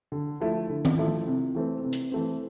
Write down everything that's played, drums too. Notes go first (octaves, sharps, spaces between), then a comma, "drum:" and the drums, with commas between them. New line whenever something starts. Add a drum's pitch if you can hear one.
D3
F3 A3 E4
D3
drum: tom D#3
F3 A3 E4
C3
E3 A3 C4
C3
drum: hi-hat
E3 A3 C4